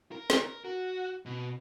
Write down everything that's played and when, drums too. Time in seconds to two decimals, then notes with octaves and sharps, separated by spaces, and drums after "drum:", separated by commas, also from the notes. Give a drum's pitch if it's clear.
0.12 A#4
0.30 drum: snare
0.44 A#4
0.65 F#4
1.26 B2